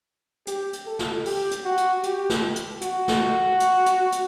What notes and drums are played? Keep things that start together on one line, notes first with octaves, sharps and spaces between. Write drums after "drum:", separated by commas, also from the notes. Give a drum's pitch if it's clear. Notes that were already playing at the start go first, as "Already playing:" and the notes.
G4, drum: hi-hat
drum: hi-hat
A4
drum: snare
G4, drum: open hi-hat
drum: hi-hat
F#4
drum: hi-hat
G4, drum: hi-hat
drum: snare
drum: hi-hat
F#4, drum: hi-hat
drum: snare
drum: hi-hat
drum: hi-hat
drum: hi-hat